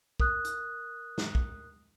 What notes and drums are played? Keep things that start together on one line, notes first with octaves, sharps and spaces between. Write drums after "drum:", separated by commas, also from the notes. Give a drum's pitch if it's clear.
A#4 D#6 F#6, drum: kick
drum: hi-hat
drum: snare
drum: kick